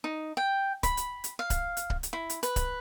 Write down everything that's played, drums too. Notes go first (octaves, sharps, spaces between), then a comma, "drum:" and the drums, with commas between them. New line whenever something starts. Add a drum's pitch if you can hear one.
D#4
G5
B5, drum: kick C#1, hi-hat
drum: hi-hat
drum: hi-hat
F5
drum: kick C#1, hi-hat
drum: hi-hat
drum: kick C#1
drum: hi-hat
E4
drum: hi-hat
B4, drum: hi-hat
drum: kick C#1, hi-hat